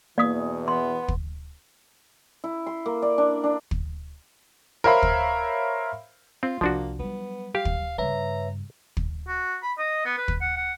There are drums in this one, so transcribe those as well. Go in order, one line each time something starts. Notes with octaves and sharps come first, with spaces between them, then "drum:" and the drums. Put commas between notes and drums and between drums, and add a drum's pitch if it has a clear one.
E2 B2 E3 A#3 D5 D#6 B6
B3 C6
drum: kick
E4
C6
A#3
D5
D4
D4
drum: kick
A#4 C5 C#5 E5 F5 B5
drum: kick
C4 F4
C2 F3 A#3 D4 F#4
F#3 G3 B3
G4 F5
drum: kick
G2 C#3 B4 C#5 E5 A#5
drum: kick
F#4
B5
D#5
B3
B4
drum: kick
F#5
F#5